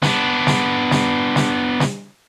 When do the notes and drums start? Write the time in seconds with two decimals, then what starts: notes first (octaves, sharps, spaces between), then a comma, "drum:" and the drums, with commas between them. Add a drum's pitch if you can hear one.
0.02 B3 D4, drum: snare
0.47 drum: snare
0.91 drum: snare
1.36 drum: snare
1.80 drum: snare